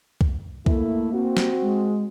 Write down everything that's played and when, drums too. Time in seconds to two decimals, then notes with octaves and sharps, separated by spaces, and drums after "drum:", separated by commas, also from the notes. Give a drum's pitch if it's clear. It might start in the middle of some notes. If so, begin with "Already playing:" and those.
0.21 drum: kick C2
0.66 A3 A#3 E4, drum: kick C2
1.13 C4 F#4
1.37 drum: snare
1.62 G#3